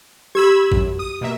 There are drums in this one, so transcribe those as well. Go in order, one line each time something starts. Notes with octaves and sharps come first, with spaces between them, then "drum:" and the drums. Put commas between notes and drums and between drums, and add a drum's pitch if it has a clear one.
G4 B5 E6 G#6
F#2, drum: kick A1
D#6
B2 A#3 E5